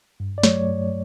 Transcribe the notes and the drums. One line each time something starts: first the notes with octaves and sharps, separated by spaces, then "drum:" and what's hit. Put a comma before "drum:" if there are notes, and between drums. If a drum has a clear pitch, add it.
G2
D5
F#3 A3 C#5, drum: snare
G2